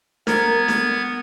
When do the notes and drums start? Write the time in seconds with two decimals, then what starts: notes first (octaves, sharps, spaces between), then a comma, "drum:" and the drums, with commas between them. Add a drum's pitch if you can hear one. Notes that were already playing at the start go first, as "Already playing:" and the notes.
0.27 B3 A#4 G#6, drum: snare
0.68 drum: snare